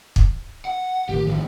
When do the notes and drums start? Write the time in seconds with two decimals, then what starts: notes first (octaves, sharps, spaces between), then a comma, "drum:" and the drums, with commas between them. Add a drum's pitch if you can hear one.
0.16 drum: kick
0.65 F#5
1.09 A1 D#3 G4
1.26 A2 F3